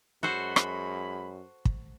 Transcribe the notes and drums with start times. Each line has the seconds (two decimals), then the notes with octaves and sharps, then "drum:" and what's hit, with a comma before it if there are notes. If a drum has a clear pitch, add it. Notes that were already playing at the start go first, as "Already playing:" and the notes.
0.23 F#2 G#3 F#4 A4 C5 B5
0.56 drum: rim click
1.65 drum: kick